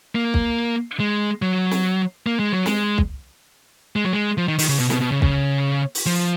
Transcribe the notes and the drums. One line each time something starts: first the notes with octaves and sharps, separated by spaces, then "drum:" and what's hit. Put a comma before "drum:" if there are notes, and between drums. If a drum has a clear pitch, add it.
A#3
drum: kick
G#3
F#3
drum: snare
A#3
G#3
F#3
G#3, drum: snare
drum: kick
G#3
F#3
G#3
F3
D#3
D#3, drum: open hi-hat
C#3
B2
B2, drum: snare
B2
C#3
C#3, drum: kick
drum: open hi-hat
F3